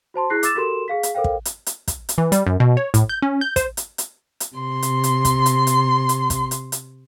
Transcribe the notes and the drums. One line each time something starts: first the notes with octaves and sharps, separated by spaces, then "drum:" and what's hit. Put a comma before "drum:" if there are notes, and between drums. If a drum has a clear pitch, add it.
F#4 C5 A5 C6
E4 G#4 F#6 A#6 C7
D6 E6 A6 E7, drum: hi-hat
F#4 G4 A4 A#4 C6 E7
G#4 F5 B6
drum: hi-hat
A4 A#4 C5 F5 G5
drum: kick
drum: hi-hat
drum: hi-hat
drum: kick, hi-hat
drum: hi-hat
E3
G3, drum: hi-hat
F#2
B2
C#5
A2, drum: kick, hi-hat
G6
C#4
G6
C5, drum: kick, hi-hat
drum: hi-hat
drum: hi-hat
drum: hi-hat
C3 C6
drum: hi-hat
drum: hi-hat
drum: kick, hi-hat
drum: hi-hat
drum: hi-hat
drum: hi-hat
drum: kick, hi-hat
drum: hi-hat
drum: hi-hat